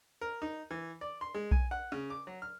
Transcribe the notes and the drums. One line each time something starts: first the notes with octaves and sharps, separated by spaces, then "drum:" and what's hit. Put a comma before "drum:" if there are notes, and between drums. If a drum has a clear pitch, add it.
A#4
D#4
E3
D5
C6
G#3
G#5, drum: kick B1
F#5
C#3
D6
F#3
F6